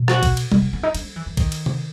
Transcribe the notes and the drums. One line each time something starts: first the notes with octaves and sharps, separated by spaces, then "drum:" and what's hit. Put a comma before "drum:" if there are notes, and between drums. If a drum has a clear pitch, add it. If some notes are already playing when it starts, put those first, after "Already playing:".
Already playing: B2
F#4, drum: rim click
drum: kick A#1, cymbal
drum: cymbal
C3, drum: tom
B3
B3
D#4
D#4, drum: cymbal
F#3
E3
E3
D#3, drum: kick A#1, cymbal
drum: cymbal
drum: tom C3